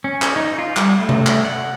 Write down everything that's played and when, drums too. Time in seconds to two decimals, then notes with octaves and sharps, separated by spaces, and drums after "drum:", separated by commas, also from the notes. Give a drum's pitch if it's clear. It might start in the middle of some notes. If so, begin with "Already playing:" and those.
0.04 C#4
0.22 drum: clap
0.36 D#4
0.58 F4
0.76 G3, drum: clap
0.99 A3
1.09 drum: tom C3
1.26 drum: clap
1.45 F#5